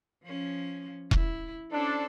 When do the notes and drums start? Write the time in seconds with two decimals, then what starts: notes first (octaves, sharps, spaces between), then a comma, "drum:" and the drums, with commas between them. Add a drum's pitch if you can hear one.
0.24 F3 C#4
1.11 E4, drum: kick E1
1.72 C#4 D4 A4 C5